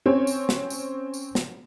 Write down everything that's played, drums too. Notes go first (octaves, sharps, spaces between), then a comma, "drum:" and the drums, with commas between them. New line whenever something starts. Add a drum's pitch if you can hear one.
C4 C#4 C#5
drum: tambourine
drum: snare
drum: tambourine
drum: tambourine
drum: snare